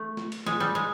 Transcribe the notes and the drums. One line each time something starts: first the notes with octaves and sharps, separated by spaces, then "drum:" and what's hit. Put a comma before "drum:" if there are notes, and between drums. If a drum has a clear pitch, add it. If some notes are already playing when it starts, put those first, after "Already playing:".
Already playing: A3
drum: snare
drum: cymbal
G#3, drum: snare
G3, drum: snare
G#3